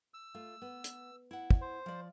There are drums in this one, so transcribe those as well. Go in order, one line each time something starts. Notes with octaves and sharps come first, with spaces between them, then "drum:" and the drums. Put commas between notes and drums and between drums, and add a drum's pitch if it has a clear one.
E6
A3 F4
B3
drum: hi-hat
E4 F#5
drum: kick
C5
F3 D5